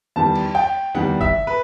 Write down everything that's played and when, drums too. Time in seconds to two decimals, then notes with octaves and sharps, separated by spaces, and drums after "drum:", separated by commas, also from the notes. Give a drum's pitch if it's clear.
0.16 E2 D#3 G3 A5
0.35 drum: cymbal
0.55 G5
0.95 E2 D#3 G3 F#5, drum: tom C#3
1.21 E5, drum: kick
1.47 B4